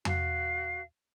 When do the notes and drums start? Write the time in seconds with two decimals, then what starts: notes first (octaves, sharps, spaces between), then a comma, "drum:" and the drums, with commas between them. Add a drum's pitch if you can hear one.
0.05 F#4 F5, drum: tom E2